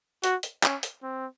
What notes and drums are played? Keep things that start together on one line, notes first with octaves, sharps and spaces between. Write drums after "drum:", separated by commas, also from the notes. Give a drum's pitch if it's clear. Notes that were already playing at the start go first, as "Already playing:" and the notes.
F#4, drum: hi-hat
drum: hi-hat
C#4, drum: clap
drum: hi-hat
C4